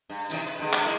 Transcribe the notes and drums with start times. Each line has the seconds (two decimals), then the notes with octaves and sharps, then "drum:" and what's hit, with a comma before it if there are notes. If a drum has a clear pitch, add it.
0.09 G2
0.30 C3 D#3 E3, drum: tambourine
0.47 B4
0.59 B2 D3 G#3
0.73 drum: clap
0.84 G#3 E4 A#4